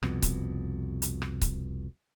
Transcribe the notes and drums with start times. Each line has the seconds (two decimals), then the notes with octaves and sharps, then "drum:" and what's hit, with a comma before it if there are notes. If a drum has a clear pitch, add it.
0.03 C2 F2 B2, drum: rim click
0.22 drum: kick C#1, hi-hat
1.02 drum: hi-hat
1.22 drum: rim click
1.41 drum: kick C#1, hi-hat